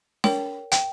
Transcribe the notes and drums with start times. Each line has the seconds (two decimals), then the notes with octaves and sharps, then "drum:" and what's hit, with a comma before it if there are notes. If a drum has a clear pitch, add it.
0.24 A#4 C#5 G5, drum: snare
0.72 G5, drum: hi-hat